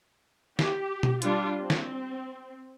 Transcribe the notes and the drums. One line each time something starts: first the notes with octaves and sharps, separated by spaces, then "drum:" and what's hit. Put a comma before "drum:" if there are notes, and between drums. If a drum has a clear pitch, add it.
G4, drum: snare
drum: tom B2
G3 D4 F4, drum: hi-hat
C4
drum: snare